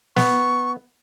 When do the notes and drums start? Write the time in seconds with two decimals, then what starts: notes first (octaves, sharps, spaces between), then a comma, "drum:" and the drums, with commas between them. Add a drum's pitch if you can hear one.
0.16 B3 C#6, drum: snare